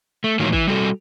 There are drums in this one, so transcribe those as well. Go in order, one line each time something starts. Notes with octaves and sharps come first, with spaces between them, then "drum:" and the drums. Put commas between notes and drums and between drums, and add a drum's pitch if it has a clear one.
A3
A2 D#3 E3 F#3 A#3
E3, drum: kick
G3 F#4 A4